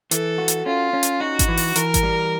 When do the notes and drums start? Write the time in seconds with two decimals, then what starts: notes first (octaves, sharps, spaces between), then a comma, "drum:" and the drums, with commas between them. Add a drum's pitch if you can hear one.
0.11 E3 A4, drum: hi-hat
0.38 F#4
0.48 drum: hi-hat
0.66 C#4 F4
0.93 C#4
1.03 drum: hi-hat
1.20 D#4 F#4
1.39 drum: kick G#1, hi-hat
1.48 E3
1.57 drum: open hi-hat
1.76 E3 A#4, drum: hi-hat
1.94 drum: kick G#1, hi-hat
2.03 G3